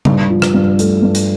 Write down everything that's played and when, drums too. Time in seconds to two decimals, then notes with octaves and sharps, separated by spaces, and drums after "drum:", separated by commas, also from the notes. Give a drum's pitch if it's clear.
0.05 G2, drum: tom C#3
0.30 F3
0.42 drum: rim click
0.54 G2
0.79 A3, drum: hi-hat
1.03 G2
1.15 drum: hi-hat